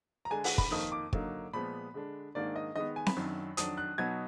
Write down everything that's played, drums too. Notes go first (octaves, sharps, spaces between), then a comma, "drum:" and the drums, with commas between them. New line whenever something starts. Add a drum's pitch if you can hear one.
A#5
D3 G#3 D4 G#5
F#5, drum: open hi-hat
B5, drum: kick
F2 D#3 A#3 D#4 D#6
D6
D3 F#3 A#3 D#4, drum: kick
A#2 F3 G#3 B3 B5
D3 G#3 D4
G#2 D#3 A#3 D4 D5
D#5
D#3 G#3 B3 D#5
G#5
B5, drum: snare C4
F#2 D#3 F#3 D4
F2 D#3 F#3 D4 D#6, drum: hi-hat
F#6
B2 F#3 B3 D#4 G#6